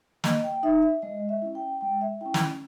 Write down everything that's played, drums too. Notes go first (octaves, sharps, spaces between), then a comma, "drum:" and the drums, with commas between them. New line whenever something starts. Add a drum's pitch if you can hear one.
A#3 D#5, drum: snare
G5
D#4 E5
E5
G#3 D#5
E5
C#4 E4
G5
G#3 G5
E5
C#4 E4 G5
drum: snare